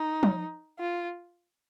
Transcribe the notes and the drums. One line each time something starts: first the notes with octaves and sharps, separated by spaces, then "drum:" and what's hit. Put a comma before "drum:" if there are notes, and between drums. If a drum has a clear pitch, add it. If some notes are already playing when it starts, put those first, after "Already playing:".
Already playing: D#4
drum: tom F3
F4